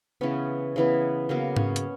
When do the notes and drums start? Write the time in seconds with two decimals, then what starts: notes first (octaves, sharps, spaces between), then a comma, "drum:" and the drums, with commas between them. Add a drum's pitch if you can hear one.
0.21 C#3 E3 B3 C#4
0.76 C#3 E3 B3
1.29 C#3 F#3 A#3 B3
1.57 C#4, drum: tom G#2
1.76 drum: hi-hat